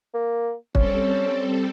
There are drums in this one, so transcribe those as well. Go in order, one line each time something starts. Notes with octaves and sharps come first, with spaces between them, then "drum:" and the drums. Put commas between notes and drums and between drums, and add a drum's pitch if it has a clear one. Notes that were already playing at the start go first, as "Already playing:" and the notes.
A#3
G3 C4 C#4 A4, drum: kick